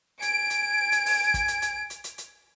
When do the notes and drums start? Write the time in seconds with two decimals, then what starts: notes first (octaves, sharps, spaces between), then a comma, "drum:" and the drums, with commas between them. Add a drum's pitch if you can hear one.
0.22 G#5 D7, drum: hi-hat
0.50 drum: hi-hat
0.92 drum: hi-hat
1.06 drum: open hi-hat
1.34 drum: kick, hi-hat
1.48 drum: hi-hat
1.62 drum: hi-hat
1.90 drum: hi-hat
2.04 drum: hi-hat
2.18 drum: hi-hat